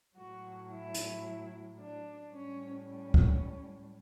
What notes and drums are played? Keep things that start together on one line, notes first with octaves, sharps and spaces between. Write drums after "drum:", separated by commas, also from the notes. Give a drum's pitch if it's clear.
A2 F#3 F#4
E4
drum: hi-hat
D4
A2 G3 C#4
C#4
drum: kick C#2